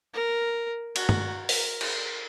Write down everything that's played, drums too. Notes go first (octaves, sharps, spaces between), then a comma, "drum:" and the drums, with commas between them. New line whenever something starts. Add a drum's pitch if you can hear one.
A#4
F#4, drum: cymbal
drum: tom
A#4, drum: open hi-hat
drum: cymbal